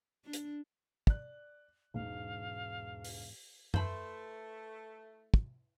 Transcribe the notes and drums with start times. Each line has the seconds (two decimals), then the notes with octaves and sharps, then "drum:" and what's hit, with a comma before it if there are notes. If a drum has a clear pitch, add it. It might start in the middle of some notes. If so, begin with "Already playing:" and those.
0.24 D4
0.33 drum: hi-hat
1.07 D5 F#6, drum: kick
1.94 E1 E2 G#2 D#4 F5
3.04 drum: open hi-hat
3.74 A3 E4 B4 C5 A5 B5, drum: tom F#2
5.34 drum: kick